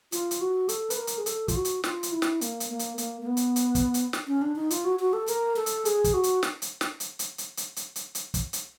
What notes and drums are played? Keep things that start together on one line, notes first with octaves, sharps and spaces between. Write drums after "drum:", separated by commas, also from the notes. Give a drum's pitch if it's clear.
F4, drum: hi-hat
drum: hi-hat
F#4
A4, drum: hi-hat
B4, drum: hi-hat
A#4
drum: hi-hat
G#4
A4, drum: hi-hat
F4, drum: kick, hi-hat
F#4
drum: hi-hat
F4, drum: snare
drum: hi-hat
E4
drum: snare
A#3, drum: hi-hat
drum: hi-hat
A#3
drum: hi-hat
A#3, drum: hi-hat
A#3
B3
drum: hi-hat
drum: hi-hat
drum: kick, hi-hat
drum: hi-hat
drum: snare
C#4
D4
D#4
F4, drum: hi-hat
F#4
F#4
A4
A#4, drum: hi-hat
A4
drum: hi-hat
G#4, drum: hi-hat
drum: kick, hi-hat
F#4
drum: hi-hat
drum: snare
drum: hi-hat
drum: snare
drum: hi-hat
drum: hi-hat
drum: hi-hat
drum: hi-hat
drum: hi-hat
drum: hi-hat
drum: hi-hat
drum: kick, hi-hat
drum: hi-hat